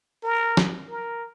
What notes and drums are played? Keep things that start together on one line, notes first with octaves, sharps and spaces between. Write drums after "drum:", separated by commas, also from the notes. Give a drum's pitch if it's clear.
A#4
drum: snare
A#4